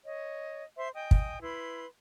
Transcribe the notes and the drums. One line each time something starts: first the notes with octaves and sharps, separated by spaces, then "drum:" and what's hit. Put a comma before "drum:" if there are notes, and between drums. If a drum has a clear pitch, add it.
C#5 D#5
C5 E5 C6
D#5 G5 G#5 D#6
drum: kick
E4 B4 B5 C6